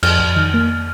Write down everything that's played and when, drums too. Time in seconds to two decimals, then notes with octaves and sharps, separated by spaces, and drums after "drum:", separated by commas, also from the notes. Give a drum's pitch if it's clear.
0.03 F2 F6, drum: cymbal
0.19 F2
0.36 D#3
0.54 A#3